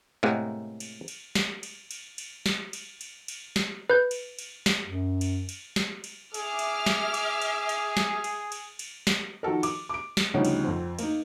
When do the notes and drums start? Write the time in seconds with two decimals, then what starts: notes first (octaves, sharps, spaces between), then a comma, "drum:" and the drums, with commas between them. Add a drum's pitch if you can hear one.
0.23 A2 C3 G#3 A#3 A#4 F#5
0.80 drum: cymbal
1.08 drum: cymbal
1.35 drum: snare
1.63 drum: cymbal
1.91 drum: cymbal
2.18 drum: cymbal
2.46 drum: snare
2.73 drum: cymbal
3.01 drum: cymbal
3.28 drum: cymbal
3.56 drum: snare
3.90 B4 G6
4.11 drum: cymbal
4.38 drum: cymbal
4.66 drum: snare
4.85 F#2
5.21 drum: cymbal
5.49 drum: cymbal
5.76 drum: snare
6.04 drum: cymbal
6.34 G#4 E5 D6 F6, drum: cymbal
6.59 drum: cymbal
6.86 drum: snare
7.14 drum: cymbal
7.42 drum: cymbal
7.69 drum: cymbal
7.97 drum: snare
8.24 drum: cymbal
8.52 drum: cymbal
8.79 drum: cymbal
9.07 drum: snare
9.43 D#3 F3 F#4 A4 A#4
9.63 D6, drum: cymbal
9.89 D6 D7
10.17 drum: snare
10.34 D2 C#3 F3 G3 D#4 C#5
10.45 drum: cymbal
10.64 F2 C4
10.98 A#3 D#4, drum: cymbal